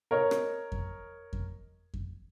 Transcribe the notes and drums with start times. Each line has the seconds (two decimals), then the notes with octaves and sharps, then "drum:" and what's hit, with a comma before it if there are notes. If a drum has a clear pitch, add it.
0.11 A#4 C#5 D#5
0.31 drum: rim click
0.72 drum: kick F2
1.33 drum: kick F2
1.94 drum: kick F2